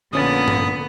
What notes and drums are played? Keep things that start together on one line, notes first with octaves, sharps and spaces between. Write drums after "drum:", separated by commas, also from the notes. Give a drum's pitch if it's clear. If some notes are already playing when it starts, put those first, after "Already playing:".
A#1 D3 A#3 B3 C#4 D#6 A6
drum: tom G2